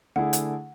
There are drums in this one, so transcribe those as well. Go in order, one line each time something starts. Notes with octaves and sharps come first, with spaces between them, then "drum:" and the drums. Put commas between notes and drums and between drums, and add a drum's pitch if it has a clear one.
D3 A3 E4 G#4 F#5
drum: hi-hat